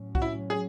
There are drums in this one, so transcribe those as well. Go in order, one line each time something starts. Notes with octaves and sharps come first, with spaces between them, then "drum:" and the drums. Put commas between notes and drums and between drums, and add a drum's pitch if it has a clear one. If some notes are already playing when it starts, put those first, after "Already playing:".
Already playing: A2 F#3 C#4
F#4, drum: kick
E4
G#4